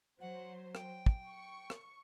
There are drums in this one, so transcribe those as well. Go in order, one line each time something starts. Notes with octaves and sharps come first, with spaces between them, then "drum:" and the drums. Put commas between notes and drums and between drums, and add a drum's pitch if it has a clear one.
F#3 C5 F#5
G5, drum: rim click
drum: kick
C#6
drum: rim click